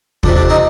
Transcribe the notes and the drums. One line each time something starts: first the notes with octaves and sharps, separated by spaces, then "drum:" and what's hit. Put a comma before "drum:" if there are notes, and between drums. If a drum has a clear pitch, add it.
F2 C3 G3 D4, drum: kick
D4
C4 D#4